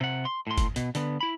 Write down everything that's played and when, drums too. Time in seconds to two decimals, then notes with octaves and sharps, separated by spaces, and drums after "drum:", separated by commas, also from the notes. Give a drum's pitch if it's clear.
0.01 C3 F#5
0.25 C6
0.47 A2 C6
0.58 drum: kick, hi-hat
0.76 B2, drum: hi-hat
0.95 D3 B3, drum: hi-hat
1.21 E4 B5